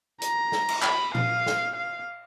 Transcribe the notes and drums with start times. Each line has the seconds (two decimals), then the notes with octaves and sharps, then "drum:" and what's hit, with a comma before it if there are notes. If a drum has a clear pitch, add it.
0.22 A#5, drum: hi-hat
0.52 drum: snare
0.69 drum: cymbal
0.82 B5, drum: clap
1.14 F5, drum: tom A#2
1.46 drum: snare
1.75 F5